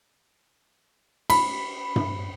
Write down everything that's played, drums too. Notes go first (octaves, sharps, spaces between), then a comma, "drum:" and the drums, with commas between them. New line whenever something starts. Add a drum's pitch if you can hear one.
B5, drum: cymbal
drum: tom G2